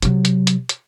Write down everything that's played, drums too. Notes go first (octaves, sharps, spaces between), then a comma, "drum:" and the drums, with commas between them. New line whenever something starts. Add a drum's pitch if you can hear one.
C3 F#3, drum: hi-hat
drum: hi-hat
drum: hi-hat
drum: hi-hat